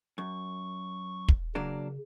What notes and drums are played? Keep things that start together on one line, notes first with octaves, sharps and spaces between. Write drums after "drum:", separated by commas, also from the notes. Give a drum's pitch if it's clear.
F#2 C#6
drum: kick
C#3 F#3 A#3 D4